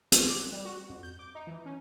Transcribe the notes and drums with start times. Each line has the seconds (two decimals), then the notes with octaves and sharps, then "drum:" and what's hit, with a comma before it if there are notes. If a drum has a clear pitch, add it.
0.12 C#4, drum: hi-hat
0.26 D6
0.38 F#6
0.52 G3
0.65 F#4
0.90 F2
1.03 G6
1.19 D6
1.35 D#4
1.47 E3
1.66 C#4